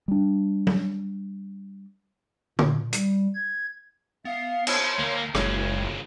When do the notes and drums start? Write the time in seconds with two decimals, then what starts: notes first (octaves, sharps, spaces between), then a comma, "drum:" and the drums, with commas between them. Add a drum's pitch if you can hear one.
0.08 G3 D4
0.67 drum: tom F#3
2.59 A#2, drum: tom
2.93 G3, drum: hi-hat
3.35 G#6
4.25 B3 E5 F5
4.67 C5 C#5 C6, drum: cymbal
4.99 D2 A#3 A#5
5.35 F#1 A#2 C#3 G#3 E4 C#5, drum: rim click